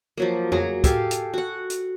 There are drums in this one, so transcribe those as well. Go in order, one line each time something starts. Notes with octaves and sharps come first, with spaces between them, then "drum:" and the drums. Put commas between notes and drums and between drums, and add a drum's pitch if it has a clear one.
F3 F#3 A#3
F#3 G#4 A#5, drum: tom F2
G4 A4 F5 G#5, drum: kick, hi-hat
drum: hi-hat
F#4 F#5
drum: hi-hat